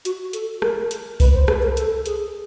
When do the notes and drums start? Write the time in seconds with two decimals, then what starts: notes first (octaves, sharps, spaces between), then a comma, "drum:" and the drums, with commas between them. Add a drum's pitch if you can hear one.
0.05 F#4, drum: hi-hat
0.33 A4, drum: hi-hat
0.62 A#4, drum: rim click
0.91 drum: hi-hat
1.20 B4, drum: kick C2, open hi-hat
1.34 C5
1.48 B4, drum: rim click
1.62 A#4
1.77 A4, drum: hi-hat
2.06 G#4, drum: hi-hat